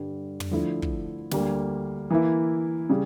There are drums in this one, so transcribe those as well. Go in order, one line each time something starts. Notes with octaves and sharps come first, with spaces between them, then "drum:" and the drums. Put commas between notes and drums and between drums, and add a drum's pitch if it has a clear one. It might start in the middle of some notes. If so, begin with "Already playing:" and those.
Already playing: G2 D3 G3
drum: tom
D3 F3 A3 E4
drum: kick
D2 D3 G3 A#3, drum: snare
E3 A#3 E4
C#3 G3